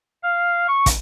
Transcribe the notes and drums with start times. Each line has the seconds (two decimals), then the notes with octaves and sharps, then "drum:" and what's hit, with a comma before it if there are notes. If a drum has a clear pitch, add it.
0.23 F5
0.68 C#6
0.86 drum: kick, hi-hat